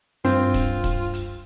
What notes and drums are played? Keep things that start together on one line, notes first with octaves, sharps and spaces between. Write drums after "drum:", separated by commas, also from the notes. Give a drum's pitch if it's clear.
G2 C4 F4, drum: hi-hat
drum: kick, hi-hat
drum: kick, hi-hat
drum: hi-hat